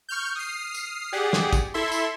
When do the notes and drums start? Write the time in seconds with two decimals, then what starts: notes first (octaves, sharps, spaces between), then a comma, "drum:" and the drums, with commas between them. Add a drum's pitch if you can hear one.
0.09 C#6 F6 G6
0.35 D#6 F6 C7
0.74 drum: tambourine
1.12 G4 G#4 D5 F#5
1.33 drum: snare
1.53 drum: kick, tambourine
1.74 E4 A4 E5 C6
1.92 drum: tambourine